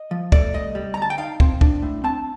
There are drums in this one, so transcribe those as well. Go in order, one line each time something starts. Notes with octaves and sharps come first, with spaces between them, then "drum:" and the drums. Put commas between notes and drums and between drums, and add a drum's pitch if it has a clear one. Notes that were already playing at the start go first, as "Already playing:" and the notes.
Already playing: D#5
F3
A3 D5, drum: kick
C2 D#5
G3
A#5
D2 A5
G5
D#4 F5
C4, drum: kick
D4, drum: kick
A2
C4 A5